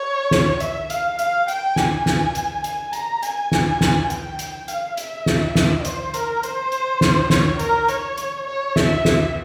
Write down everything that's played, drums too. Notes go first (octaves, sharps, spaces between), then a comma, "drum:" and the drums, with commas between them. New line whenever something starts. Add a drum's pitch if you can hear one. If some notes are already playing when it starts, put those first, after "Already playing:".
Already playing: C#5
drum: snare
E5, drum: hi-hat
F5, drum: hi-hat
F5, drum: hi-hat
G5, drum: hi-hat
G#5, drum: snare
drum: snare
drum: hi-hat
G#5, drum: hi-hat
A#5, drum: hi-hat
G#5, drum: hi-hat
drum: snare
drum: snare
G5, drum: hi-hat
drum: hi-hat
F5, drum: hi-hat
E5, drum: hi-hat
drum: snare
drum: snare
C5, drum: hi-hat
A#4, drum: hi-hat
C5, drum: hi-hat
drum: hi-hat
drum: snare
C#5, drum: snare
A#4, drum: hi-hat
C#5, drum: hi-hat
drum: hi-hat
C#5
E5, drum: snare
drum: snare